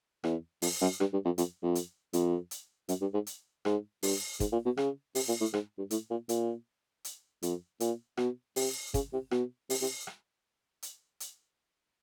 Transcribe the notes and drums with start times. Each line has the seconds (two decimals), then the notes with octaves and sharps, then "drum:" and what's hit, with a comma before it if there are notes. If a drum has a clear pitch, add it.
0.24 E2, drum: rim click
0.62 F2, drum: open hi-hat
0.81 F#2
1.00 G2, drum: rim click
1.13 G2
1.25 F2
1.38 F2, drum: hi-hat
1.63 F2
1.75 drum: hi-hat
2.13 F2, drum: hi-hat
2.51 drum: hi-hat
2.89 F#2, drum: hi-hat
3.01 G2
3.14 G#2
3.27 drum: hi-hat
3.65 G#2, drum: rim click
4.03 G2, drum: open hi-hat
4.40 G#2, drum: kick, hi-hat
4.52 A#2
4.65 B2
4.77 C#3, drum: rim click
5.15 C3, drum: open hi-hat
5.28 A#2
5.41 A2
5.53 G#2, drum: rim click
5.78 G2
5.91 A2, drum: hi-hat
6.10 A#2
6.29 A#2, drum: hi-hat
7.05 drum: hi-hat
7.42 F2, drum: hi-hat
7.80 A#2, drum: hi-hat
8.17 B2, drum: rim click
8.56 C3, drum: open hi-hat
8.94 C#3, drum: kick, hi-hat
9.13 C3
9.31 B2, drum: rim click
9.70 C3, drum: open hi-hat
9.81 C3
10.07 drum: rim click
10.83 drum: hi-hat
11.20 drum: hi-hat